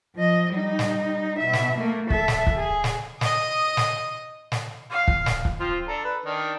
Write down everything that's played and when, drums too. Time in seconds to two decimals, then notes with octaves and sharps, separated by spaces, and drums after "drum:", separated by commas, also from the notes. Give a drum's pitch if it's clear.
0.15 F3 D#5
0.53 G3 D#4
0.79 drum: snare
1.39 B2 E5
1.53 drum: snare
1.79 A3 A#3
2.10 A4 E5, drum: kick
2.28 drum: snare
2.47 drum: kick
2.56 G#4
2.84 drum: snare
3.21 D#5 D#6, drum: snare
3.77 drum: snare
4.52 drum: snare
4.90 F5
5.08 drum: kick
5.26 drum: snare
5.45 drum: kick
5.60 F3 C4 F4
5.88 D4 A4 A#5
6.05 B4
6.26 D#3 D4